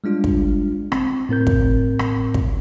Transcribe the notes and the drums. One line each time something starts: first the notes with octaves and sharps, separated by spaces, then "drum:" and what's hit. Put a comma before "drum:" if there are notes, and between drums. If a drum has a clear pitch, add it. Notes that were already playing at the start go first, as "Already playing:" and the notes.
G3 G#3 D4 F4
drum: kick
C4, drum: rim click
A2 C4 A#4 G6
drum: kick
drum: rim click
drum: kick